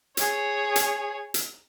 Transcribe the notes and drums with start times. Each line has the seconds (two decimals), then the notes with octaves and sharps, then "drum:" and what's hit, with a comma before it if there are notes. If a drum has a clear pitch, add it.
0.17 G#4 C#5, drum: hi-hat
0.76 drum: hi-hat
1.34 drum: hi-hat